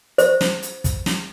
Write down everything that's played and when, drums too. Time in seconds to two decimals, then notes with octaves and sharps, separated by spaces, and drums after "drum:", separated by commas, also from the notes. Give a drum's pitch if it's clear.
0.18 C5, drum: hi-hat
0.41 drum: snare
0.62 drum: hi-hat
0.84 drum: kick, hi-hat
1.06 drum: snare